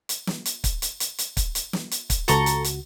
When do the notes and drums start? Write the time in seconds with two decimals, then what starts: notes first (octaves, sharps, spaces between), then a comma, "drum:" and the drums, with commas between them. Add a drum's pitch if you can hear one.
0.09 drum: hi-hat
0.27 drum: snare
0.45 drum: hi-hat
0.64 drum: kick, hi-hat
0.82 drum: hi-hat
1.00 drum: hi-hat
1.18 drum: hi-hat
1.37 drum: kick, hi-hat
1.55 drum: hi-hat
1.73 drum: snare
1.91 drum: hi-hat
2.10 drum: kick, hi-hat
2.28 C#2 F#4 A4 A#5 C#6, drum: hi-hat
2.46 drum: hi-hat
2.64 drum: hi-hat